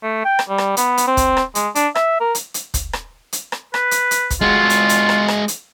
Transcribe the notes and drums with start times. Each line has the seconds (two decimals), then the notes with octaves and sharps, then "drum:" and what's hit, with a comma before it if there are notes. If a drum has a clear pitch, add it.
0.03 A3
0.25 G5
0.39 drum: rim click
0.49 G3
0.58 drum: rim click
0.77 B3, drum: hi-hat
0.97 drum: hi-hat
1.07 C4
1.17 drum: kick, hi-hat
1.37 drum: rim click
1.55 G#3, drum: hi-hat
1.75 D4, drum: hi-hat
1.95 E5, drum: rim click
2.21 A#4
2.35 drum: hi-hat
2.54 drum: hi-hat
2.74 drum: kick, hi-hat
2.93 drum: rim click
3.33 drum: hi-hat
3.52 drum: rim click
3.74 B4, drum: rim click
3.91 drum: hi-hat
4.11 drum: hi-hat
4.30 drum: kick, hi-hat
4.41 G#3 F4 F#4
4.70 drum: hi-hat
4.89 drum: hi-hat
5.09 drum: rim click
5.28 drum: rim click
5.48 drum: hi-hat